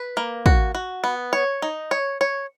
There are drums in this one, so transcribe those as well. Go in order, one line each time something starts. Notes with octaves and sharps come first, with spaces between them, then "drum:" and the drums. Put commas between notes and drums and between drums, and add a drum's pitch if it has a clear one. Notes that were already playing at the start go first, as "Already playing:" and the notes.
Already playing: B4
A#3
F#4, drum: kick
F#4
B3
C#5
D#4
C#5
C#5